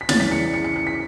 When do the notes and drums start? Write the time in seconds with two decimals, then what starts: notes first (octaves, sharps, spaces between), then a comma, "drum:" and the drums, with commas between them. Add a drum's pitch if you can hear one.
0.01 B6
0.09 E2 C#3 E3 A6, drum: snare
0.20 B6
0.31 C#7
0.54 C#7
0.64 C#7
0.76 C#7
0.87 B6